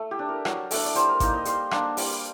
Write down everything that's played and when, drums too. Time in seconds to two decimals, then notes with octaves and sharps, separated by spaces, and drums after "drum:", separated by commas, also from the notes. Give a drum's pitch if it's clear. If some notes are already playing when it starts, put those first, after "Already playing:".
Already playing: A3
0.11 G4
0.19 D4
0.29 A#4
0.45 F#3, drum: rim click
0.71 A3 D4, drum: open hi-hat
0.85 D5
0.95 G3 C5, drum: hi-hat
1.09 A#4
1.20 A#3 D#4, drum: kick G#1, hi-hat
1.34 D#5
1.45 G3 C6, drum: hi-hat
1.71 A#3 D4, drum: rim click
1.97 G3, drum: open hi-hat